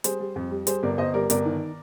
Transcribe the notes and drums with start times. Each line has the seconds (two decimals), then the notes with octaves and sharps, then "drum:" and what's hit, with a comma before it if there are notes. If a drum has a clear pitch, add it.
0.04 G3 G#4 C5, drum: hi-hat
0.20 G3
0.36 F2
0.51 G3
0.67 G3 G#4 C5, drum: hi-hat
0.83 G1 A#4 D5
0.98 G1 C5 D#5
1.14 G3 A#4 D5
1.30 G1 A#4 D5, drum: hi-hat
1.46 D#3